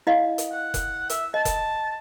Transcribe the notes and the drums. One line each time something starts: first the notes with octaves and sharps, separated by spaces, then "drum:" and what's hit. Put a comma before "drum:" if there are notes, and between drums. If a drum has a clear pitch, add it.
E4 D#5 F5
drum: hi-hat
F#5
drum: kick F1, hi-hat
E5, drum: hi-hat
D#5 A5
drum: kick F1, hi-hat